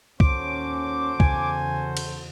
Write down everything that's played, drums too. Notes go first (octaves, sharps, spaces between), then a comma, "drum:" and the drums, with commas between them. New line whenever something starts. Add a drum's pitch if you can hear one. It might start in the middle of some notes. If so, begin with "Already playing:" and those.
D#2 C#4 F#4 A4 C5 D6, drum: kick
E2 C#3 G#5, drum: kick
drum: cymbal